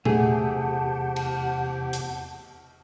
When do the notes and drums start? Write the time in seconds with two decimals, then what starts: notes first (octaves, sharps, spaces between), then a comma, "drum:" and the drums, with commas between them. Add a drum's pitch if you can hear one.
0.05 E2 C3 A3 G4 G#4 F#5 A5, drum: tom A#2
1.16 drum: cymbal
1.93 drum: hi-hat